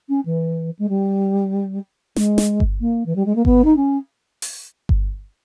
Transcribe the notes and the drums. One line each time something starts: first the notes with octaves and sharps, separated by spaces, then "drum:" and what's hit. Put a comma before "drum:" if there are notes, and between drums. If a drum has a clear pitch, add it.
C#4
E3
G#3
G3
G#3, drum: snare
drum: snare
drum: kick G1
A#3
E3
G3
G#3
A#3
B3, drum: kick G1
D#4
C#4
drum: open hi-hat
drum: kick G1